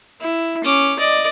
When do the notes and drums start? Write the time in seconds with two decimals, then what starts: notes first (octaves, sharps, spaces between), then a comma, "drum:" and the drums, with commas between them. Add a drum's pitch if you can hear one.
0.21 E4
0.65 C#4 D6, drum: open hi-hat
0.99 D5 D#5